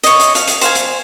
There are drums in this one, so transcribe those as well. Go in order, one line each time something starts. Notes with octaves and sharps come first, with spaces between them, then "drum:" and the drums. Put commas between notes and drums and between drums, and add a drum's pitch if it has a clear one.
C#5 D#5, drum: hi-hat
drum: hi-hat
F5, drum: hi-hat
drum: hi-hat
C5 F5 G#5, drum: hi-hat
drum: hi-hat